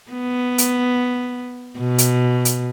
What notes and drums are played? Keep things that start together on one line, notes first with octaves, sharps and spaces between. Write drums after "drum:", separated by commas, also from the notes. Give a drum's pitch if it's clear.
B3
drum: hi-hat
B2
drum: hi-hat
drum: hi-hat